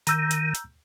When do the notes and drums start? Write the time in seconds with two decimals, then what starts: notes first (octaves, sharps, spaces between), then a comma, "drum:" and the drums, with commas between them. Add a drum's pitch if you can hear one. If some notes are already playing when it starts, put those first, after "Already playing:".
0.07 D#3 A#5 E6 G6, drum: hi-hat
0.31 drum: hi-hat
0.55 drum: hi-hat